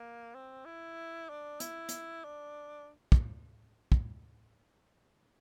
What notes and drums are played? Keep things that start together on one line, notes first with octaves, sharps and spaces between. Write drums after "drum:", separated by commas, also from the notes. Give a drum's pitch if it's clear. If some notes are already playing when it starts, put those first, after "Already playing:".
Already playing: A#3
C4
E4
D4
E4, drum: hi-hat
drum: hi-hat
D4
drum: kick
drum: kick